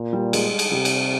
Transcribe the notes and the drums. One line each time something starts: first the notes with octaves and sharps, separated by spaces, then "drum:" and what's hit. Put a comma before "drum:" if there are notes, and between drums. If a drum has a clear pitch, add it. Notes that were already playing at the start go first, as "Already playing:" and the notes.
Already playing: A#2
G3
G#3, drum: cymbal
drum: cymbal
C3 G3
drum: cymbal